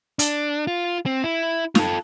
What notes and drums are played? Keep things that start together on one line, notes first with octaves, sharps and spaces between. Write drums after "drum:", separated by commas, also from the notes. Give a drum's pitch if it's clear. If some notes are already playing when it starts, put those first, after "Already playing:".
D4, drum: hi-hat
F4
C4
E4
F4 A4, drum: snare